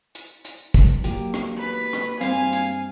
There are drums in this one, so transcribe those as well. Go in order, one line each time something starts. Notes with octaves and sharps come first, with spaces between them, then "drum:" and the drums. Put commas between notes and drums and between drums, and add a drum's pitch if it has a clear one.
drum: hi-hat
drum: hi-hat
drum: kick, hi-hat
F#3 A#3 G4, drum: hi-hat
drum: rim click
B4
drum: rim click
G2 C4 F5 G#5, drum: hi-hat
drum: hi-hat